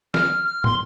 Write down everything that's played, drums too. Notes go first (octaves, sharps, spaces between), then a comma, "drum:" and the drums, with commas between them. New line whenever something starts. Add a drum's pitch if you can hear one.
F6, drum: snare
F6
C6, drum: tom